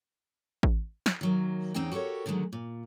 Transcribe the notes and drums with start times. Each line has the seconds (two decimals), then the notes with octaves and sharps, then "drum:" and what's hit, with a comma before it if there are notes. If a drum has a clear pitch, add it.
0.63 drum: kick A1
1.06 drum: snare
1.21 D#3 F#3 A#3
1.74 E2 C4 C#4 D#4 G5
1.92 F#4 G4 A4 A#4 C#5
2.26 D3 D#3 F#3 G#3 A3
2.53 A#2